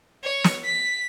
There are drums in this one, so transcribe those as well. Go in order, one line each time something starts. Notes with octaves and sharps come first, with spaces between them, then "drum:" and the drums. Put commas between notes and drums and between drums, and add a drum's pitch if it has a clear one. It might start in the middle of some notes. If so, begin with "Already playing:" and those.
C#5
drum: snare
B6